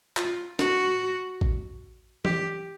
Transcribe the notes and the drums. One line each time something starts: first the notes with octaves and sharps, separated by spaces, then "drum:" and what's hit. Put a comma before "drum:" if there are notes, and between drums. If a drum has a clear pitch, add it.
F4, drum: clap
F#4, drum: snare
drum: kick A1
G4, drum: tom E3